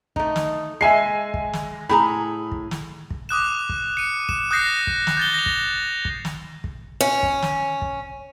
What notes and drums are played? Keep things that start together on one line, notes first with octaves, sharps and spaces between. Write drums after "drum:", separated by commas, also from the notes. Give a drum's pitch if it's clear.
A3 D#4, drum: kick
drum: snare
G#3 E5 G#5 C7
drum: kick
drum: snare
A2 G#4 A#5 B5
drum: kick
drum: snare
drum: kick
D6 D#6 F#6 E7
drum: kick
C#7 D#7
E7, drum: kick
D#6 F#6 G6 A#6 C7 C#7
drum: kick
drum: snare
G6 A6 G7
A#6 F7
drum: kick
drum: kick
drum: snare
drum: kick
C#4
drum: kick
drum: snare
drum: kick